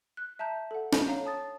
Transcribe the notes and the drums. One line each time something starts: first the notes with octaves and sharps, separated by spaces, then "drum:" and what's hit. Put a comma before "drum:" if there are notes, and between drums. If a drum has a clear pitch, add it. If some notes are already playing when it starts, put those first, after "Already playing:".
F#6
E5 A5 A#5 G6
A4 F#5
G6, drum: snare
C#5 F5 A#5
A5 D#6 A6